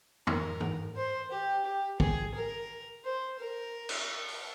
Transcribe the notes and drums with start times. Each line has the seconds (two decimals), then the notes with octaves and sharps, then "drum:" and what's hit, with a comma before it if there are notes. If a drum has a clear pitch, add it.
0.27 A#4, drum: tom
0.60 drum: tom
0.96 C5
1.31 G4
1.65 G4
2.00 G#4, drum: kick
2.35 A#4
3.04 C5
3.39 A#4
3.89 drum: cymbal
4.28 drum: open hi-hat